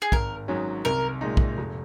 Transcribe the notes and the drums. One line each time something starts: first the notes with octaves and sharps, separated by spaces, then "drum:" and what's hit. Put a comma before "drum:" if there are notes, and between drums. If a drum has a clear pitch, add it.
G#4
G#1 A#4, drum: kick
G#2 F#3 C#4 G#4
C2 A#4
A#2 G#3 D#4
drum: kick
F1